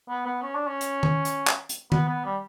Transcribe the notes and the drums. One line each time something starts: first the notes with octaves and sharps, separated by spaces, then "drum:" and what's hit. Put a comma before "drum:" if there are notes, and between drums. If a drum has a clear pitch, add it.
B3
B3
C#4
D4
C#4
drum: hi-hat
drum: tom D#3
drum: hi-hat
drum: clap
drum: hi-hat
B3, drum: tom D#3
B3
G3